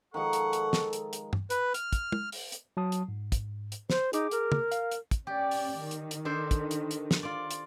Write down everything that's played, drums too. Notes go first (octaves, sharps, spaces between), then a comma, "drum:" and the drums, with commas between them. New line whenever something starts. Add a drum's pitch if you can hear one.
D#3 F3 G#3 A4 F#5 C#6
drum: hi-hat
drum: hi-hat
drum: snare
drum: hi-hat
drum: hi-hat
drum: tom G2
B4, drum: hi-hat
F6, drum: hi-hat
drum: kick, hi-hat
drum: tom
drum: open hi-hat
drum: hi-hat
F#3 A5 D#6
drum: hi-hat
G#2
drum: kick, hi-hat
drum: hi-hat
C5, drum: snare
D#4 G#4 D6, drum: hi-hat
A#4, drum: hi-hat
drum: tom
F5, drum: hi-hat
drum: hi-hat
drum: kick, hi-hat
C#4 G4 D5
drum: open hi-hat
D#3
drum: hi-hat
drum: hi-hat
D4 A4 C5
drum: kick, hi-hat
drum: hi-hat
drum: hi-hat
drum: snare
F4 D5
drum: hi-hat